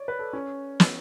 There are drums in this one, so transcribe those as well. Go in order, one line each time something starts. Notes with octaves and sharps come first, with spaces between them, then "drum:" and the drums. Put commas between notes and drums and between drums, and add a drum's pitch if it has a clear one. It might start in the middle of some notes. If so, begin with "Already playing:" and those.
Already playing: C#5 D5
B4
A4
C#4
drum: snare